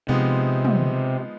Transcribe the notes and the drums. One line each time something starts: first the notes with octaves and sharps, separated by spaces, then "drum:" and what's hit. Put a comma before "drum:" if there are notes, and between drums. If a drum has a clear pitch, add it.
C3 F3 G#3 B3 D#4
drum: tom